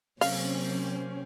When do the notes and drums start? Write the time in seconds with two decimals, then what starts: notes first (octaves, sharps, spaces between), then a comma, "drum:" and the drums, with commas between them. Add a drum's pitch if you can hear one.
0.21 C3 F#3 A#3 C4 C#4 F5, drum: open hi-hat